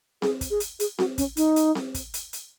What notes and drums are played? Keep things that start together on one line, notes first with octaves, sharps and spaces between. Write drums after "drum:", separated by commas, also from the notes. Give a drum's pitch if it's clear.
G#4, drum: snare C4
drum: kick, hi-hat
G#4
drum: hi-hat
G#4, drum: hi-hat
F#4, drum: snare C4
C#4, drum: kick, hi-hat
D#4, drum: hi-hat
drum: hi-hat
drum: snare C4
drum: kick, hi-hat
drum: hi-hat
drum: hi-hat